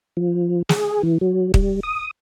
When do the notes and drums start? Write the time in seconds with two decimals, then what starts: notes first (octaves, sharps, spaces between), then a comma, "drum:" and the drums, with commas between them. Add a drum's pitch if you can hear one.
0.17 F3
0.69 G#4, drum: snare
1.03 E3
1.21 F#3
1.54 G3, drum: kick
1.83 D#6